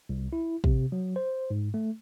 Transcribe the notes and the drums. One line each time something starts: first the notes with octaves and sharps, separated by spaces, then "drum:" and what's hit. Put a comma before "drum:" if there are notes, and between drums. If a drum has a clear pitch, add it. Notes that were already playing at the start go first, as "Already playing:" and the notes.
C2
E4
C3, drum: kick
F#3
C5
G#2
A3